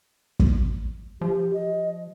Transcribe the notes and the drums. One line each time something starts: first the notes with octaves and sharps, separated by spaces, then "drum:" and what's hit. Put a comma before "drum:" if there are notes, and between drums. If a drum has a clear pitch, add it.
drum: kick
F3 G4
D#5